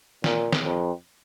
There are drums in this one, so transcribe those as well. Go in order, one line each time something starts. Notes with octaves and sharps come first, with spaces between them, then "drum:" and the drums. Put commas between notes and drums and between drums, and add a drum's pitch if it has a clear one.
A#2, drum: snare
drum: snare
F2